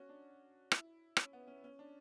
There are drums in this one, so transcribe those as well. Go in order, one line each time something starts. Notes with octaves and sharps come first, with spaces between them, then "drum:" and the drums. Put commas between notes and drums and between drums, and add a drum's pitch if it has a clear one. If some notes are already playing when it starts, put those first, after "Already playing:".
Already playing: C#4 F#4
D4
E4, drum: rim click
C#4, drum: rim click
B3
C#4
C#4
D4